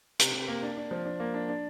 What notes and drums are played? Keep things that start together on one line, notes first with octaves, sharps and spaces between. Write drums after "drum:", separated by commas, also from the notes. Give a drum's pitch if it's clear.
C3, drum: hi-hat
C3
A#3
D4
D4
F3
D4
A#3
D4
D4